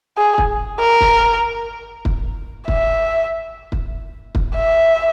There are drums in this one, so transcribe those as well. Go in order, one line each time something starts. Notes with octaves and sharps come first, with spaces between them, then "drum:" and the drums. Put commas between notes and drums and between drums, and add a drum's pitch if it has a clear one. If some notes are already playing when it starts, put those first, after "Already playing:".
G#4
drum: kick
A#4
drum: kick
drum: kick
E5, drum: kick
drum: kick
drum: kick
E5